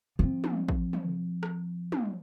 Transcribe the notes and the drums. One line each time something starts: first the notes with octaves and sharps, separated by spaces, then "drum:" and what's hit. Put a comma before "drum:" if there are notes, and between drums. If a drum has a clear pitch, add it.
F3 C4
drum: tom
drum: kick
drum: tom
drum: rim click
drum: tom